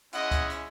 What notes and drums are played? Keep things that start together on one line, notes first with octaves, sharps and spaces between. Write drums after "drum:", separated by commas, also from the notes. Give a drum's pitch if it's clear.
G#3 C#4 E4 D#5 F#5, drum: hi-hat
drum: kick C#2, hi-hat
drum: hi-hat